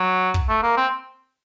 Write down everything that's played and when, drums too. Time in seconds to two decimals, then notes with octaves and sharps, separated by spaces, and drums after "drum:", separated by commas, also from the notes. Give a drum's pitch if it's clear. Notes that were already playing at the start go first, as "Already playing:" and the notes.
Already playing: F#3
0.34 drum: kick
0.49 A3
0.63 A#3
0.77 C4